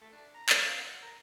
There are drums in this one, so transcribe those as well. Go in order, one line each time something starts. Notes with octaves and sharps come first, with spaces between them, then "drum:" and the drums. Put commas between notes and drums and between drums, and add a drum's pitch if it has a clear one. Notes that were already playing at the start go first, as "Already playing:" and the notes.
A3
D4
A#5
A3, drum: clap
F5
F#5
A#4